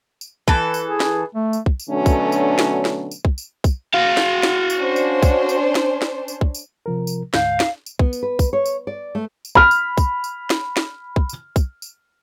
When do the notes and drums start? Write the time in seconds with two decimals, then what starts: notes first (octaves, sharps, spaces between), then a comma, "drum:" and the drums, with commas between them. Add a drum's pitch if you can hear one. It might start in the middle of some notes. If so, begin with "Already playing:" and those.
0.21 drum: tambourine
0.48 E3 A4, drum: kick
0.74 drum: tambourine
0.86 G#4
1.00 drum: snare
1.35 A3
1.53 drum: tambourine
1.66 drum: kick
1.79 drum: tambourine
1.90 B2 D3 F#3 A3 C#4 D4
2.06 drum: kick, tambourine
2.32 drum: tambourine
2.59 drum: snare
2.85 drum: snare
3.11 drum: tambourine
3.25 drum: kick
3.38 drum: tambourine
3.64 drum: kick, tambourine
3.94 F#4 F5
4.17 drum: snare
4.43 drum: snare
4.70 drum: tambourine
4.80 C#4 D4 C5
4.96 drum: tambourine
5.23 drum: kick, tambourine
5.49 drum: tambourine
5.75 drum: snare
6.02 drum: snare
6.28 drum: tambourine
6.41 drum: kick
6.54 drum: tambourine
6.86 C3 F3 A#4
7.07 drum: tambourine
7.34 D2 G#2 F5 G6, drum: snare
7.60 drum: snare
7.86 drum: tambourine
7.99 B3, drum: kick
8.13 drum: tambourine
8.23 B4
8.39 drum: kick, tambourine
8.53 C#5
8.66 drum: tambourine
8.87 D5
9.15 A3
9.45 drum: tambourine
9.55 B5 F6, drum: kick
9.71 drum: tambourine
9.98 drum: kick, tambourine
10.24 drum: tambourine
10.50 drum: snare
10.77 drum: snare
11.16 drum: kick
11.29 drum: tambourine
11.56 drum: kick, tambourine
11.82 drum: tambourine